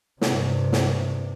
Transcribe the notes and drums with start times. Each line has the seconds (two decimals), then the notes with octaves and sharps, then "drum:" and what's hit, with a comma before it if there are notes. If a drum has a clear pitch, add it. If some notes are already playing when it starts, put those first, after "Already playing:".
0.21 G2 C3, drum: snare
0.72 drum: snare